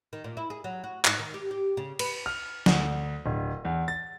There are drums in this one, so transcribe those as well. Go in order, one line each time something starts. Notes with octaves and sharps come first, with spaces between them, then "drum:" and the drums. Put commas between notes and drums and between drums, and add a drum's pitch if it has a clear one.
D#3
A#2
E4
G#4
F#3
F#4
G#2, drum: clap
D#3
G4
G4
C#3
B4, drum: cymbal
F6
D2, drum: snare
D1
E2
A6